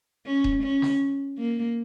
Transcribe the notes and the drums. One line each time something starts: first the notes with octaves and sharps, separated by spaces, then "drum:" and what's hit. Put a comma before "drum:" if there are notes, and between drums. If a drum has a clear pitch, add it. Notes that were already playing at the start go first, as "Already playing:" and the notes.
C#4
drum: kick D#1
C#4
drum: snare
A#3